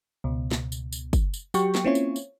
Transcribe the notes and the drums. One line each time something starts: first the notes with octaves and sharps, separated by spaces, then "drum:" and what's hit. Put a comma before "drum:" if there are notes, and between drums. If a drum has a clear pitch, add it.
C#2 B2
drum: snare
drum: tambourine
drum: tambourine
drum: kick, tambourine
drum: tambourine
F#3 F#4 G4 G5 C#6, drum: tambourine
drum: snare
A#3 C4 C#4 E4 F4 C#5
drum: tambourine
drum: tambourine